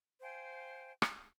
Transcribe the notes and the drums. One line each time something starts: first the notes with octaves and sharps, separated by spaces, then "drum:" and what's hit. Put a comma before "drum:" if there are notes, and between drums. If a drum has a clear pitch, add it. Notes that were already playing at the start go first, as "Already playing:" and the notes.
C5 F5 G5 G#5
drum: rim click